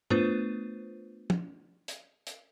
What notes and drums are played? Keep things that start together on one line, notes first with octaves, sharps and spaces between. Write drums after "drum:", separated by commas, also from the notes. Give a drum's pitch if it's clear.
A3 B3 D4 F4 B4 C5, drum: tom
drum: tom
drum: hi-hat
drum: hi-hat